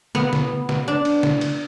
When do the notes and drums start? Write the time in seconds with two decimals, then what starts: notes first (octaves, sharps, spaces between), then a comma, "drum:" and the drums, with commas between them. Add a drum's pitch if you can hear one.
0.15 B3, drum: snare
0.33 drum: snare
0.69 drum: snare
0.88 D4
1.05 drum: cymbal
1.23 drum: snare
1.41 drum: cymbal